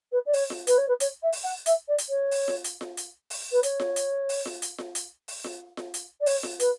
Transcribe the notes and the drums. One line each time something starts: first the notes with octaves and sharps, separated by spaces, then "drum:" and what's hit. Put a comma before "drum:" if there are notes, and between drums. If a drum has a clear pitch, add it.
B4
D5
C#5, drum: open hi-hat
drum: snare F4
B4, drum: hi-hat
C#5
B4
C#5, drum: hi-hat
E5
drum: open hi-hat
F#5
E5, drum: hi-hat
D5
drum: hi-hat
C#5
drum: open hi-hat
drum: snare F4
drum: hi-hat
drum: snare F4
drum: hi-hat
drum: open hi-hat
B4
C#5, drum: hi-hat
drum: snare F4
drum: hi-hat
drum: open hi-hat
drum: snare F4
drum: hi-hat
drum: snare F4
drum: hi-hat
drum: open hi-hat
drum: snare F4
drum: snare F4
drum: hi-hat
D5
C#5, drum: open hi-hat
drum: snare F4
B4, drum: hi-hat